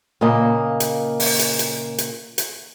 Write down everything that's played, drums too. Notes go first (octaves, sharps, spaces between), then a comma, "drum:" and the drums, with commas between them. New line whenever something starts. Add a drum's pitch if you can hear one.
A#2 C#3 A#3 D#5
drum: hi-hat
drum: open hi-hat
drum: hi-hat
drum: hi-hat
drum: hi-hat
drum: hi-hat